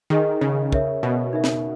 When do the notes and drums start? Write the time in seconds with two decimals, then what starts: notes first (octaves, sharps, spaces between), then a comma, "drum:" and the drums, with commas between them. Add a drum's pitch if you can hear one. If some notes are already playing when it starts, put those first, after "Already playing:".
0.10 D#3 G#4 D#5 G#5
0.41 C#3
0.72 A#4 C#5 E5, drum: kick
1.03 B2
1.33 D#4 A#4 E5
1.44 drum: snare